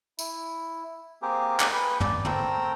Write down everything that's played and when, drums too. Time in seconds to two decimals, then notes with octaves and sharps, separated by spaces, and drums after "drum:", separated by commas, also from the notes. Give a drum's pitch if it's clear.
0.19 E4, drum: tambourine
1.22 A#3 C4 G4 G#4 A#4
1.60 drum: clap
1.73 G#4 B4 G5 B5
2.00 D4 D5, drum: tom
2.25 A3 C4 A#4 G5 A#5 E6, drum: tom